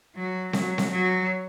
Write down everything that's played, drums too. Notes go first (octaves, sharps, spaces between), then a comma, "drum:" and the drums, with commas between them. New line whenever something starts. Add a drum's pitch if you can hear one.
F#3
F#3, drum: snare C4
drum: snare C4
F#3